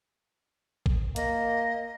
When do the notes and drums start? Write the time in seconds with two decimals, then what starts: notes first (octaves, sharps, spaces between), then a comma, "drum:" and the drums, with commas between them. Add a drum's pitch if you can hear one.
0.86 drum: kick A1
1.16 A#3 D#5, drum: hi-hat